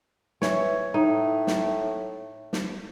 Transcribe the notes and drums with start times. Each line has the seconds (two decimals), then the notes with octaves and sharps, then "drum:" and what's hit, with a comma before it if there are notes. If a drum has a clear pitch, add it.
0.42 E3 C#5, drum: snare
0.94 A2 D#4
1.47 drum: snare
2.53 drum: snare